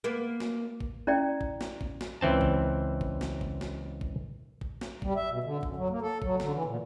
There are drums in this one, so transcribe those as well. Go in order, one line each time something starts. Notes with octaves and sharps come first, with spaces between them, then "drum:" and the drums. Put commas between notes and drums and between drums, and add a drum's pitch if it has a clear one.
A#3 B3
drum: snare
drum: kick
C#4 E4 D5 G5
drum: kick
drum: snare
drum: kick
drum: snare
C#2 E3 C4 A5
drum: kick
drum: kick
drum: snare
drum: kick
drum: snare
drum: kick
drum: kick
drum: snare
G3, drum: kick
E5
B2
D3
F#2, drum: kick
F#3
A#3
A4
F#3, drum: kick
D3, drum: snare
E3
A#2